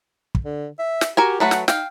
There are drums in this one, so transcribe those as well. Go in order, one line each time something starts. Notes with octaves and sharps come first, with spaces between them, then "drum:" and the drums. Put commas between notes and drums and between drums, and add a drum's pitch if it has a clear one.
drum: kick
D3
E5
drum: snare
F#4 G4 A#4 G#5
F#3 A3 B4 F#5
drum: snare
D#4 F5 G5, drum: snare